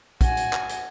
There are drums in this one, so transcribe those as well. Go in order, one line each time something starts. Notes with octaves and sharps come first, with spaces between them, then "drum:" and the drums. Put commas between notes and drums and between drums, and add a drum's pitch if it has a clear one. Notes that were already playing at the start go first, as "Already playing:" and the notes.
F#4 G#5, drum: kick, hi-hat
drum: hi-hat
drum: clap
drum: hi-hat